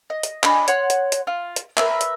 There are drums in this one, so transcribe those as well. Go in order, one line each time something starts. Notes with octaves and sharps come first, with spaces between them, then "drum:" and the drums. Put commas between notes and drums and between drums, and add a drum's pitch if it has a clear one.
D#5
drum: hi-hat
D4 D#5 G#5 B5, drum: clap
C#5 F#5 C6, drum: hi-hat
drum: hi-hat
drum: hi-hat
F4
drum: hi-hat
A#4 B4 E5, drum: clap
drum: hi-hat